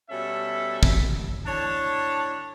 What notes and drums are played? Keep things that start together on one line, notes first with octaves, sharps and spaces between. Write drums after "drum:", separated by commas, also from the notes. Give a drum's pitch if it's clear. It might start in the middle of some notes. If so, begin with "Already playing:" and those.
B2 G3 C#4 A4 E5
drum: kick
A2 D4 C#5 A5